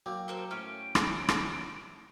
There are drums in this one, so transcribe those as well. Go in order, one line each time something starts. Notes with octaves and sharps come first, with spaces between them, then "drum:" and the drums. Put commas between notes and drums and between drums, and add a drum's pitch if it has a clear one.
F#3 A#3 F#4 G5 D6
A4 A#4 C5
A2 C#4 F6 D7
drum: rim click
drum: rim click